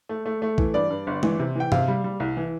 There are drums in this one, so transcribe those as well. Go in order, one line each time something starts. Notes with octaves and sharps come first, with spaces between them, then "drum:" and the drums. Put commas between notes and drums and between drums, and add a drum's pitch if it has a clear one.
A3
A3
A3
E3, drum: kick
G2 D5
G2
G1
E3, drum: tom
C3
E3 G5
C3 F5, drum: tom G2
G3
G3
C2
E3